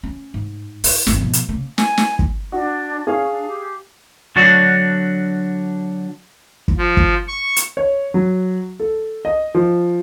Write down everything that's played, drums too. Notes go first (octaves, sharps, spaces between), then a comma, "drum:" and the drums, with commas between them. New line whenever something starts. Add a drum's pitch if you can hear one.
C#4
G#2
E4, drum: open hi-hat
G#1 G2, drum: snare
B2 F3
drum: hi-hat
C#3 A#3
G#5, drum: snare
drum: snare
drum: kick
D4 F#4
C#4 G#4 F5
D4
G4
D3 F#3 D4 F#4
drum: kick
F3
drum: kick
C#6
drum: hi-hat
C#5
F#3
A4
D#5
F3